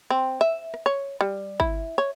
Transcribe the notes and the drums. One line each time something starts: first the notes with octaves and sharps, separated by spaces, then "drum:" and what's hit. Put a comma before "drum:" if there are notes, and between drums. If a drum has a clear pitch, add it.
C4
E5
drum: rim click
C#5
G3
E4, drum: kick
C#5